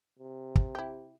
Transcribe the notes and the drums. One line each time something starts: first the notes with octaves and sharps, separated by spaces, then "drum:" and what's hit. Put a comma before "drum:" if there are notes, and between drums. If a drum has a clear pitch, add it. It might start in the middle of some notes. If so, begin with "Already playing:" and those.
C3
drum: kick
E4 G4